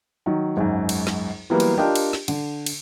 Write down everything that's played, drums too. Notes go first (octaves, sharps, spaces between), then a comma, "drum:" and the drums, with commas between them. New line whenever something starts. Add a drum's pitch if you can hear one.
D#3 F#3
G#1 C#2 F#2
drum: cymbal
drum: snare
E3 F#3 G3 A#3 B3
drum: cymbal
D4 F4 G4 A#4 D#5 G5
drum: cymbal
drum: snare
D3, drum: cymbal
drum: cymbal